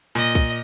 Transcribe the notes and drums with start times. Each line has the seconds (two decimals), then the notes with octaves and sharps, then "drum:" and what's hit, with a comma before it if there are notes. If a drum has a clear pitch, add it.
0.15 A#2 D#5, drum: hi-hat
0.35 drum: kick, hi-hat